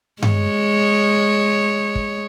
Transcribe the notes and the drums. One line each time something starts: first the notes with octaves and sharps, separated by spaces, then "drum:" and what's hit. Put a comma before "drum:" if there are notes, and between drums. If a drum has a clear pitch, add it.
G#3 C#5, drum: tom G2
drum: kick